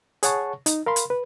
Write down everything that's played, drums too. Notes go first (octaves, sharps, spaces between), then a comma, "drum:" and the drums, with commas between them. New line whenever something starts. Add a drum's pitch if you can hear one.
G#4 C#5 F#5 A5 C#6, drum: hi-hat
D#4, drum: hi-hat
A#4 F5 B5 C6
drum: hi-hat
B4